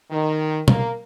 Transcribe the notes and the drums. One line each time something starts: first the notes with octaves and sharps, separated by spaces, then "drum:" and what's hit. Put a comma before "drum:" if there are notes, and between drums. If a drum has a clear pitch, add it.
D#3
A#3, drum: tom B2